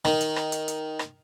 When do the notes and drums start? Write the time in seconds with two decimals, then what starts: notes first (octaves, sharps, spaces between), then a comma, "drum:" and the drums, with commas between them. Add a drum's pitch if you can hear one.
0.05 D#3, drum: rim click
0.21 drum: hi-hat
0.36 drum: rim click
0.52 drum: hi-hat
0.68 drum: hi-hat
0.99 drum: rim click